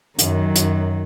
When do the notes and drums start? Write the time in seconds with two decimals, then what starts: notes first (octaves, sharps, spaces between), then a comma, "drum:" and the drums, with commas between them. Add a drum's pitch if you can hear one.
0.19 F#2 D#3 F#3, drum: hi-hat
0.55 F#2, drum: hi-hat